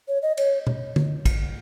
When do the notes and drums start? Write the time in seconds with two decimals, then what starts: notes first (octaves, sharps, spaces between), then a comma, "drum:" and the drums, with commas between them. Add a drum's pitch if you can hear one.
0.08 C#5
0.22 D#5
0.37 C#5, drum: cymbal
0.67 drum: tom B2
0.96 drum: tom
1.25 drum: kick, cymbal